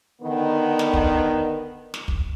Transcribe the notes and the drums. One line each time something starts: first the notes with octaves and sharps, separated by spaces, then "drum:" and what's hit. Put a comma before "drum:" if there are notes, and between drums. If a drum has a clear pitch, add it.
D3 D#3 B3
drum: snare
drum: kick
drum: snare
drum: kick